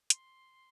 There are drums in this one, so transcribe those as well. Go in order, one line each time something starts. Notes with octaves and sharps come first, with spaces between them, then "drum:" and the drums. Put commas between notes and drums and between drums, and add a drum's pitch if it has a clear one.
C6, drum: hi-hat